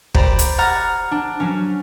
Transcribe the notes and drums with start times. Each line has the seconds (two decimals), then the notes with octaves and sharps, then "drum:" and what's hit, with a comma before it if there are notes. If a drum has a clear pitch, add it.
0.14 G4 C5 D5 A#5 B5, drum: kick
0.39 drum: hi-hat
0.58 F#5 A#5 F6 G#6 A6
1.11 D4
1.40 F#3 C#4